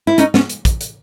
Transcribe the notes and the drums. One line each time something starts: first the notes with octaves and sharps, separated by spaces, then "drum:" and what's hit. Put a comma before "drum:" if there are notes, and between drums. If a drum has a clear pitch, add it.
E4
C#4 D#4, drum: hi-hat
B3 C#4, drum: snare
drum: hi-hat
drum: kick, hi-hat
drum: hi-hat